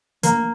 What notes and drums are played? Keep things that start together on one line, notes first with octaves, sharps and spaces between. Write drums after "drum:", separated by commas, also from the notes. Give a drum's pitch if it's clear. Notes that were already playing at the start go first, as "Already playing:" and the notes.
A#3, drum: hi-hat